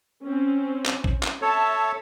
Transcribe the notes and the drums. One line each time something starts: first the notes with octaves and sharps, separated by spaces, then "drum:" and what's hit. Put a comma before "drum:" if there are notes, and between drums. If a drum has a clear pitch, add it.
C4 C#4
drum: clap
drum: kick
drum: clap
A4 C#5 E5 A5